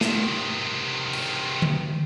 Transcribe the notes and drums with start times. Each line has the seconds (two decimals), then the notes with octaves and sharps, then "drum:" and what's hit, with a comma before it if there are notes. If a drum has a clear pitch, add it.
0.01 C3 D#3, drum: snare
1.13 drum: cymbal
1.62 drum: tom D3